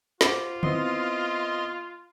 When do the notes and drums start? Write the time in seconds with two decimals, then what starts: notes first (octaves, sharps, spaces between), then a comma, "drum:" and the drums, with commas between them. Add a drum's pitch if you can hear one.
0.21 F4 C5 F#5 D6, drum: snare
0.63 B3 C4 E4 D#5 C6, drum: tom